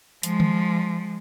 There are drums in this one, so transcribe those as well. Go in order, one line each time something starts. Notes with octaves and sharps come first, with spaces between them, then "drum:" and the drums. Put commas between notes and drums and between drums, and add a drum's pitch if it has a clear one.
F3 G#3, drum: hi-hat
drum: tom D#3